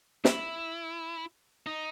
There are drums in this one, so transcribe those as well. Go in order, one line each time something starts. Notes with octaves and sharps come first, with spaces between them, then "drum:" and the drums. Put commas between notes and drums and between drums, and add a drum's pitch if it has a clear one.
E4, drum: snare
D#4